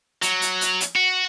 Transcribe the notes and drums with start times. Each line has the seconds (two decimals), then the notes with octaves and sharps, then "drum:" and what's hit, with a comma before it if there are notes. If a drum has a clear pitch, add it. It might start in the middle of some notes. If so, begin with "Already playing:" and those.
0.22 F#3, drum: hi-hat
0.42 drum: hi-hat
0.61 drum: hi-hat
0.80 drum: hi-hat
0.96 F#4